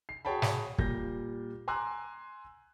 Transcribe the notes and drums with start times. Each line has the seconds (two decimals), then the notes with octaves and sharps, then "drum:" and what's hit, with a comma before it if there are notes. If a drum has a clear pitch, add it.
0.09 C7
0.25 F#4 G#4 C#5 G5 A5 B5
0.42 drum: snare
0.78 A#2 G3 G6 A#6, drum: kick
1.68 G#5 A#5 C6 D6 E6 F#6